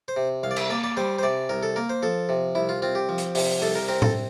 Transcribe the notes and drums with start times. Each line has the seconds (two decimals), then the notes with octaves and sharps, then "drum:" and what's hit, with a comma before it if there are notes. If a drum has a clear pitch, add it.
0.08 C5
0.16 C3
0.43 C2 F5
0.51 D5
0.56 E5, drum: cymbal
0.70 A#3 D5
0.84 D5
0.97 G3 C5
1.19 C5
1.23 C3 D5
1.49 C2 A#4
1.63 A4
1.76 A#3 A#4
1.89 C5
2.02 F3 A4
2.29 C3
2.55 C2 E4
2.69 F4
2.82 C4 F4
2.95 G4
3.09 F3
3.18 drum: hi-hat
3.35 C3, drum: open hi-hat
3.62 C2 A4
3.76 A#4
3.88 C4 A#4
4.02 A4, drum: tom A2